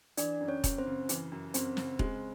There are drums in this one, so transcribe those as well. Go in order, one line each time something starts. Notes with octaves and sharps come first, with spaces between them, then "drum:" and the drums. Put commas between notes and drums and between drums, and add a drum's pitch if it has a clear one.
E3 D4 D5, drum: hi-hat
F#2
C#4 C#5
F#2, drum: kick E1, hi-hat
C4 C5
C#3
E3, drum: hi-hat
F#2
F#2 C4 C5, drum: hi-hat
C#3, drum: snare
G#3, drum: kick E1